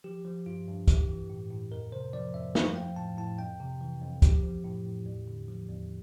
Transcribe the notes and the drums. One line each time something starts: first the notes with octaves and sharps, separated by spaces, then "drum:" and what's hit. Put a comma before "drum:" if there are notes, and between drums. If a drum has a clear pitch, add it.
F3 G4
F3
G2 F4
G2
E3 G4, drum: kick, hi-hat
E3
A2
A2
F2 A#4
C3 C5
F3 D5
F2 E5
F3 F5, drum: snare
F3 G5
A2 A5
A2 A5
F2 G5
C3
E3
F2
F3 G4, drum: kick, hi-hat
F3
A2
A2
E2
D3
F3
E2